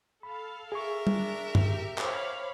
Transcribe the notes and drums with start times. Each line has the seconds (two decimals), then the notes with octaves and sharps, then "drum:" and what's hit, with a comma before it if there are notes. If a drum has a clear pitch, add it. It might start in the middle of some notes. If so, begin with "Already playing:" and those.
0.23 A4 F5 B5
0.72 G#4 A#4 E5 G#5 C#6
1.07 D4, drum: tom
1.55 G4, drum: tom
1.98 C5 C#5 F5 B5 D6, drum: clap